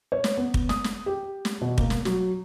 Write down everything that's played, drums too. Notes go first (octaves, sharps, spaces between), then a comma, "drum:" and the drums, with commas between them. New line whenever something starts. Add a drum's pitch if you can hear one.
C#5
drum: snare
B3
drum: kick
D#6, drum: snare
drum: snare
G4
drum: snare
B2
A#3, drum: kick
drum: snare
F#3, drum: snare